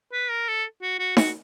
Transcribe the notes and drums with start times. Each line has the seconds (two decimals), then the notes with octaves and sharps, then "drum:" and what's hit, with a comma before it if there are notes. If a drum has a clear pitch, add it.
0.13 B4
0.30 A#4
0.48 A4
0.82 F#4
0.99 F#4
1.17 F#4, drum: snare D#4